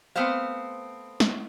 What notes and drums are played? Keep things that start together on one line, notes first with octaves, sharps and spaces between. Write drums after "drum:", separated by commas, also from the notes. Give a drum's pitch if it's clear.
A3 B3 C4 C5 F5
drum: snare